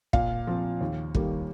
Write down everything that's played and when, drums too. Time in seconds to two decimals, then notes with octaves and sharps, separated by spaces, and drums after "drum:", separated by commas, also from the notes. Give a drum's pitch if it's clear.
0.13 A#2 F5, drum: kick
0.47 F3 C4
0.81 D#2
1.15 D#3 G3 A#3, drum: kick